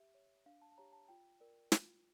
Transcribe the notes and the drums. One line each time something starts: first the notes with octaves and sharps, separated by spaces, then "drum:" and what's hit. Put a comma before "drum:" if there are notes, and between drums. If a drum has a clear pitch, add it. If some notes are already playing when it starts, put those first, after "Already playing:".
Already playing: G4 E5
C#5
D4 F5
A5
A5
G4 C#5 A#5
A5
F4 G5
A#4 D5
F4, drum: snare